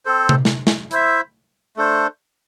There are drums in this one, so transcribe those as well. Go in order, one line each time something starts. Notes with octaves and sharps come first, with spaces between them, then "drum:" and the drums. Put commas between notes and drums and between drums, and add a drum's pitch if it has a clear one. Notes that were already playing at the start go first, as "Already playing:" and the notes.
C4 A4 C5
drum: tom C3
drum: snare
drum: snare
E4 C5 E5, drum: hi-hat
A3 D4 A4 C5